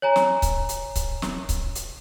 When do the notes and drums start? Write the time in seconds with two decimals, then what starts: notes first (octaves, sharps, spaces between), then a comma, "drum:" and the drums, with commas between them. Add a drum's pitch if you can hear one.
0.02 C#5 G#5 A#5
0.16 drum: snare
0.42 drum: kick C#1, hi-hat
0.69 drum: hi-hat
0.96 drum: kick C#1, hi-hat
1.22 drum: snare
1.49 drum: kick C#1, hi-hat
1.75 drum: hi-hat